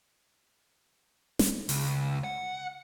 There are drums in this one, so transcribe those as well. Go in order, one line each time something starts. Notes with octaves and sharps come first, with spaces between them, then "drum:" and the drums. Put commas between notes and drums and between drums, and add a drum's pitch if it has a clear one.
drum: snare
C#2, drum: open hi-hat
F#5